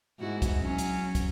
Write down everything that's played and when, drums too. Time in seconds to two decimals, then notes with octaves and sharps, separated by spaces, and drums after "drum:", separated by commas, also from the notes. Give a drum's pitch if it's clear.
0.19 G#2 E4 F#4
0.42 drum: kick, hi-hat
0.60 F#3 C#4
0.78 drum: hi-hat
1.15 drum: kick, hi-hat